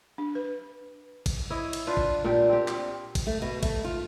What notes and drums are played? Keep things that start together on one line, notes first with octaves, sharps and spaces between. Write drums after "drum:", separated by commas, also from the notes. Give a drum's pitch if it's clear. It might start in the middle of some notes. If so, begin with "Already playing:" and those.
D4
B4
drum: kick, cymbal
E4 C#5 D#5
drum: cymbal
D4 F4 B4 C5
drum: kick
A#2 D4 G4
C4 G4
drum: clap
drum: kick, cymbal
A3
B2
A3, drum: kick, cymbal
F4